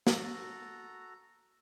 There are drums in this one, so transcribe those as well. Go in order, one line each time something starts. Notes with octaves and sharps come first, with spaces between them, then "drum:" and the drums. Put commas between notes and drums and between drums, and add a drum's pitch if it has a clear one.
F#4 A4 A#5, drum: snare